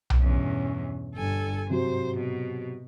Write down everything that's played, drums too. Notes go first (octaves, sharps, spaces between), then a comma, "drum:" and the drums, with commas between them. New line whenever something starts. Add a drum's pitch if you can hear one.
drum: tom B1
E2 G2 B2 C#4
G1 G2 A4 G#5
G#2 C3 F#3 C5
B2